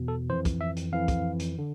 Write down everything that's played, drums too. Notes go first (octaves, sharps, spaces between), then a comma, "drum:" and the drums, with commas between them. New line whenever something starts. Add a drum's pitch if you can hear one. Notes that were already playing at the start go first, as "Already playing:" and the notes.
Already playing: E2 B2
A4
F2 E3 C5
drum: kick, hi-hat
E5
drum: hi-hat
F2 E3 F5
drum: kick, hi-hat
drum: hi-hat
D3